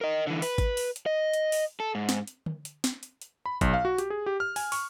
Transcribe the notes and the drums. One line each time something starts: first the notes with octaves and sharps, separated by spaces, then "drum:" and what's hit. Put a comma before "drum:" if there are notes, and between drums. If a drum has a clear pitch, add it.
A#4 D#5
D3 E3
B4, drum: open hi-hat
drum: kick G#1, hi-hat
drum: open hi-hat
drum: hi-hat
D#5
drum: hi-hat
drum: open hi-hat
A4
G#2
drum: snare
drum: hi-hat
drum: tom D3
drum: hi-hat
drum: snare
drum: hi-hat
drum: hi-hat
B5
B1, drum: kick G#1, hi-hat
F5
F#4
G4, drum: hi-hat
G#4
G4
F6
G#5, drum: open hi-hat
C#6, drum: open hi-hat